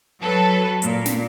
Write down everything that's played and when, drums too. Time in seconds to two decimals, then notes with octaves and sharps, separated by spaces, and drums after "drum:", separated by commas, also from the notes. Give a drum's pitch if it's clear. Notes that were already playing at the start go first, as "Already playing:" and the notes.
0.20 F#3 A4 B4
0.82 A#2, drum: hi-hat
1.06 drum: snare